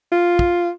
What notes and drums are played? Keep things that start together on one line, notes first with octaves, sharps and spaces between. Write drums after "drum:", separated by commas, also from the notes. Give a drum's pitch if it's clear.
F4
drum: kick